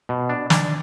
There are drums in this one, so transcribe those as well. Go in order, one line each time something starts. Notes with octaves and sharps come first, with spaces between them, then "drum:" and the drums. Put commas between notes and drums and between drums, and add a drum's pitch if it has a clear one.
B2
D4
D4, drum: snare